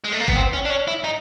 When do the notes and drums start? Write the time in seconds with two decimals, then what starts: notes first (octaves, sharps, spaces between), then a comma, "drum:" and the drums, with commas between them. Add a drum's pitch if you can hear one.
0.04 G#3
0.12 A3
0.20 A#3
0.28 B3, drum: kick G1
0.36 C4
0.53 C#4
0.65 D4
0.70 C#4
0.88 E4
1.04 D#4